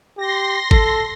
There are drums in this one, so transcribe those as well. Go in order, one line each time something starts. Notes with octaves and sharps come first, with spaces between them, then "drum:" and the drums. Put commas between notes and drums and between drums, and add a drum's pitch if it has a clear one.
G4 C6 A#6
A4, drum: kick G#1